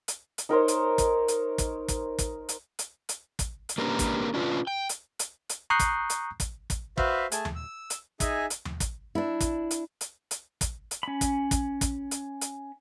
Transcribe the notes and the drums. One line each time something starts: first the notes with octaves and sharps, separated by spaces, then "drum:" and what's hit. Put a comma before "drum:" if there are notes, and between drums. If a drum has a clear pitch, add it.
drum: hi-hat
drum: hi-hat
D#4 A#4 C5 C#5
drum: hi-hat
drum: kick, hi-hat
drum: hi-hat
drum: kick, hi-hat
drum: kick, hi-hat
drum: kick, hi-hat
drum: hi-hat
drum: hi-hat
drum: hi-hat
drum: kick, hi-hat
drum: hi-hat
A#3 C#4 D4 G4 A#4 B4
drum: kick, hi-hat
C#4 D4 F4 B4
G5
drum: hi-hat
drum: hi-hat
drum: hi-hat
A#5 C#6 D#6 F#6 G6 C7
drum: kick, hi-hat
drum: hi-hat
drum: kick, hi-hat
drum: kick, hi-hat
F#4 B4 C5 E5 F5, drum: kick
A3 G#4 G#5 A5, drum: hi-hat
drum: tom D#2
E6
drum: hi-hat
D#4 G#4 E5 G#5, drum: kick, hi-hat
drum: hi-hat
drum: tom D#2
drum: kick, hi-hat
D4 E4
drum: kick, hi-hat
drum: hi-hat
drum: hi-hat
drum: hi-hat
drum: kick, hi-hat
drum: hi-hat
C#4 B5
drum: kick, hi-hat
drum: kick, hi-hat
drum: kick, hi-hat
drum: hi-hat
drum: hi-hat